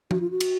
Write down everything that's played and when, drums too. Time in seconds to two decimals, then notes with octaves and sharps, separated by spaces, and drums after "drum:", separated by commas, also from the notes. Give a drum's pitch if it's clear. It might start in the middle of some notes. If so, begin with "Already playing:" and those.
0.11 F#4, drum: tom F3
0.20 F4
0.31 F#4
0.40 drum: cymbal